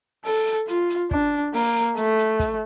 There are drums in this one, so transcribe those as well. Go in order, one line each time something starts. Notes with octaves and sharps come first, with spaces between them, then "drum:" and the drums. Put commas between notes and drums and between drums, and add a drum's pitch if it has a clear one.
A4, drum: open hi-hat
drum: hi-hat
F4, drum: hi-hat
drum: hi-hat
D4, drum: kick
A#3, drum: open hi-hat
drum: hi-hat
A3, drum: hi-hat
drum: hi-hat
drum: kick, hi-hat